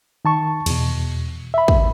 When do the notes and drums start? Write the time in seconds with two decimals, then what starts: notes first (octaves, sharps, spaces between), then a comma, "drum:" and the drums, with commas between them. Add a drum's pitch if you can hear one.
0.25 D#3 A5 C#6
0.66 E2 B2, drum: cymbal
1.54 E5 B5
1.68 drum: kick